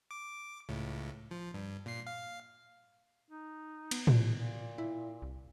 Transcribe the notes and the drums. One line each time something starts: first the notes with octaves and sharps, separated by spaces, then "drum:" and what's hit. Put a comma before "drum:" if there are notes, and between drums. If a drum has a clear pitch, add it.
D6
C#2 A2
F3
G2
A#2 C7
F5
D#4
B3, drum: cymbal
drum: tom A2
A#2
E4
C2